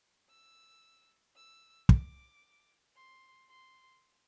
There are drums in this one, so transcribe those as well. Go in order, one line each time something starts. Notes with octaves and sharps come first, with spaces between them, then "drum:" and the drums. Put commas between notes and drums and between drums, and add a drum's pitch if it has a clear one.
E6
E6
D6, drum: kick
C6
C6